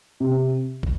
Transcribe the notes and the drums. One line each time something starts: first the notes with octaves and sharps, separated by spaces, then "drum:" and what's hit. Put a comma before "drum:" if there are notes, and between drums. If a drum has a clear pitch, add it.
C3
drum: kick